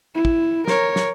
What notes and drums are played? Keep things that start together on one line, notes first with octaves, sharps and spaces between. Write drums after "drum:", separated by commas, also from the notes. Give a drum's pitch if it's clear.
E4
drum: kick
A#4 C#5, drum: snare
drum: snare